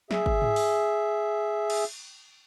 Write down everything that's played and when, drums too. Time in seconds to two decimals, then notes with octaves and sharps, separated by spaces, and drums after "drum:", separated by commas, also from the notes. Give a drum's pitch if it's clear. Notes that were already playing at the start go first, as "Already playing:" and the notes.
0.11 G#4 E5, drum: snare
0.26 drum: kick G1
0.42 drum: tom G#2
0.56 drum: open hi-hat
1.70 drum: cymbal